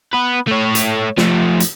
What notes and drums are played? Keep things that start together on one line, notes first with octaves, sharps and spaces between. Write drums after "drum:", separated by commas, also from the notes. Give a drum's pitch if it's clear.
B3 B4
A3 C#5
drum: hi-hat
F3 A3, drum: snare
drum: hi-hat